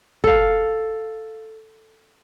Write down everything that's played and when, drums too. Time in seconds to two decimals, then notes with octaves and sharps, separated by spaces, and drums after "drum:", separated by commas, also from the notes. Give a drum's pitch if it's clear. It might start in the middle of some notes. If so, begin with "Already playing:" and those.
0.24 A4 F5, drum: kick